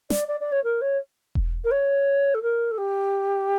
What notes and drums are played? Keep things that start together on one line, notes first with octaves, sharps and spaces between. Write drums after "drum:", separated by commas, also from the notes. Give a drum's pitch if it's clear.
D5, drum: snare
D5
D5
C#5
A#4
C#5
drum: kick E1
A#4
C#5
A4
A#4
A4
G4